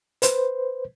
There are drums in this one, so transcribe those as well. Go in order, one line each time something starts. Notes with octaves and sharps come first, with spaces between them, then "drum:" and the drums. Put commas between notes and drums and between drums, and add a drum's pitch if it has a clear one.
B4 C5, drum: hi-hat